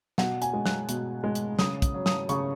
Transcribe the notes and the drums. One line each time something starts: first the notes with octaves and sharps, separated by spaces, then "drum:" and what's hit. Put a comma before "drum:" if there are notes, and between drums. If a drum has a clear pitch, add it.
B2 F#5, drum: snare
G#5, drum: hi-hat
G#3
F#6, drum: snare
B2, drum: hi-hat
G#3
drum: hi-hat
C#3 D#6, drum: snare
drum: kick, hi-hat
F#3
D#6, drum: snare
C#3 C#6, drum: hi-hat